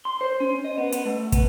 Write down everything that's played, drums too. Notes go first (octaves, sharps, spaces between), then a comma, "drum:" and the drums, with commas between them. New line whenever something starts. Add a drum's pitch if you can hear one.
C6
C5
C#4
D#5
B3
B3, drum: hi-hat
A3
B3, drum: kick, hi-hat